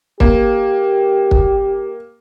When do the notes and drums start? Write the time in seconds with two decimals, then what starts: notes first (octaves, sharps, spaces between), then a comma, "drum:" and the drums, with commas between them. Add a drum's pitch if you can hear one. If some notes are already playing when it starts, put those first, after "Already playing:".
0.20 A#3 G4, drum: kick
1.31 drum: kick